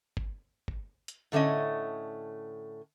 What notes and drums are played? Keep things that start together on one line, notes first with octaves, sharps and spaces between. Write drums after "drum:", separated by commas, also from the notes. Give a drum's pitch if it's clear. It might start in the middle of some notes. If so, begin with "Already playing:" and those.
drum: kick
drum: kick
drum: hi-hat
A2 D3 A3 C#4 D#5